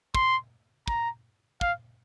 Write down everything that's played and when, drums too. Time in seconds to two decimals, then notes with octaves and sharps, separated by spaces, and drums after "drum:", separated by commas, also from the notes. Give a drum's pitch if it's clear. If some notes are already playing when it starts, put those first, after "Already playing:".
0.15 C6, drum: kick
0.88 A#5, drum: kick
1.61 F5, drum: kick